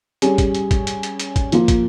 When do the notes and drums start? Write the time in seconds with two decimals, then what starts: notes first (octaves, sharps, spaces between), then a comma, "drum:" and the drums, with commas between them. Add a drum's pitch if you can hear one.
0.22 G3 C#4 G#4, drum: hi-hat
0.38 drum: kick, hi-hat
0.55 drum: hi-hat
0.71 drum: kick, hi-hat
0.87 drum: hi-hat
1.03 drum: hi-hat
1.20 drum: hi-hat
1.36 drum: kick, hi-hat
1.52 F3 A#3 F4, drum: hi-hat
1.68 drum: kick, hi-hat